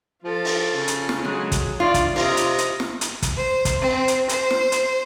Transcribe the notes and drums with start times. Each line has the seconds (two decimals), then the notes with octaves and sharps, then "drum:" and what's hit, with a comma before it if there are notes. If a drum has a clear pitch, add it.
0.24 F3 F4 A4
0.45 drum: open hi-hat
0.75 C#3
0.88 drum: hi-hat
1.09 drum: snare
1.25 F#3 G#3
1.52 drum: kick, hi-hat
1.80 F4 D5
1.94 drum: kick, hi-hat
2.16 C3 F4 D#5 A#5, drum: open hi-hat
2.37 drum: hi-hat
2.58 drum: hi-hat
2.80 drum: snare
3.01 drum: hi-hat
3.22 drum: kick, hi-hat
3.35 C5
3.65 drum: kick, hi-hat
3.80 C4
4.08 drum: hi-hat
4.29 C5, drum: hi-hat
4.51 drum: snare
4.72 drum: hi-hat